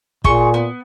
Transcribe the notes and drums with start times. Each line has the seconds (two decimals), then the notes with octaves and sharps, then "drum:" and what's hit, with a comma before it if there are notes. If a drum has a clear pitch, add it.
0.24 A#2 G#4 C6 C#6, drum: kick
0.54 B3